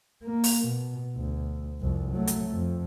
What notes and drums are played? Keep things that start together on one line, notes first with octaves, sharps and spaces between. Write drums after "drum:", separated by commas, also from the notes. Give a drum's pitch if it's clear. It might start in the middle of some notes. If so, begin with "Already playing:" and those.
A#3
drum: open hi-hat
B2
D2
C2 F2
F#3 A3
drum: hi-hat
F2